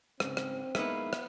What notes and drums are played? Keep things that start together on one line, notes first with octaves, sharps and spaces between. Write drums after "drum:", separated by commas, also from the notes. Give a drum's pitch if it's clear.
G#2 C#3 C4, drum: rim click
drum: rim click
G#3 A#3 B3 D#4 E4 E5 F5, drum: rim click
drum: rim click